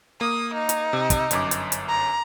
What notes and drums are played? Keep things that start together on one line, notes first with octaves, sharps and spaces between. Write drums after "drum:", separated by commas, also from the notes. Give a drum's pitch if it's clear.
A#3 D#6
D#4
drum: hi-hat
C3
drum: kick, hi-hat
G1 F#2 D6, drum: hi-hat
drum: hi-hat
drum: hi-hat
A#5